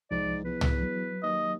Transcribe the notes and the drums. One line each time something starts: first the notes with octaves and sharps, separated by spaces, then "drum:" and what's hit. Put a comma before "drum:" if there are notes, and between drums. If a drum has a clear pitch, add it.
C2 G#2 F3 D5
E2 B4
drum: tom
F#3
D#2 D#5